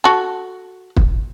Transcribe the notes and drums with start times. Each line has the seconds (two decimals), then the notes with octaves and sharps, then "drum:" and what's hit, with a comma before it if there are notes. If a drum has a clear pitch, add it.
0.04 F#4 A4
0.96 drum: kick